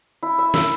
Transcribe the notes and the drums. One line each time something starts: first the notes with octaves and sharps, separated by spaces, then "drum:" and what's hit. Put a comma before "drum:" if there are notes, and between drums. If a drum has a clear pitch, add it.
E4
E5
E5, drum: snare